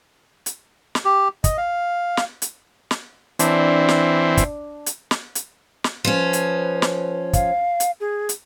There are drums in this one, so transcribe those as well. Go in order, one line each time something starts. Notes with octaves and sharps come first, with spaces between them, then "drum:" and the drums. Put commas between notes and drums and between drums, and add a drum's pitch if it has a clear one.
drum: hi-hat
drum: snare
G4
D#5, drum: kick, hi-hat
F5
drum: snare
drum: hi-hat
drum: snare
E3 C4 D4, drum: hi-hat
drum: snare
drum: kick, hi-hat
drum: hi-hat
drum: snare
drum: hi-hat
drum: snare
F3 C#4 B4
drum: hi-hat
drum: snare
F5, drum: kick, hi-hat
drum: hi-hat
G#4
drum: hi-hat